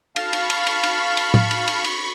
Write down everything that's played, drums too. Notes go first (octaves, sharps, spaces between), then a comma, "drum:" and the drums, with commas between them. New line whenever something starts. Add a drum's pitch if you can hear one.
F5 A5 B5 C#6, drum: cymbal
drum: cymbal
drum: cymbal
drum: cymbal
drum: cymbal
drum: cymbal
drum: tom A2
drum: cymbal
drum: cymbal
drum: cymbal